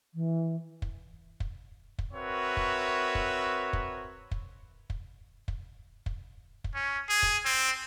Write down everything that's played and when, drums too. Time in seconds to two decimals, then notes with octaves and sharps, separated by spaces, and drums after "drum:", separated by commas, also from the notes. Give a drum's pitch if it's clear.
0.14 E3
0.82 drum: kick
1.40 drum: kick
1.99 drum: kick
2.13 C4 F#4 A#4 B4 C#5 E5
2.57 drum: kick
3.15 drum: kick
3.73 drum: kick
4.32 drum: kick
4.90 drum: kick
5.48 drum: kick
6.06 drum: kick
6.64 drum: kick
6.75 C#4
7.10 G#4
7.23 drum: kick
7.45 C4